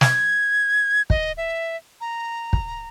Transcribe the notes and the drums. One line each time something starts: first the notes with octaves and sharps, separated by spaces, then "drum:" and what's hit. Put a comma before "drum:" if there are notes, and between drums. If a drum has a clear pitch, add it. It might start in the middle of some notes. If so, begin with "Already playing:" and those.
G#6, drum: snare
D#5, drum: kick
E5
A#5
drum: kick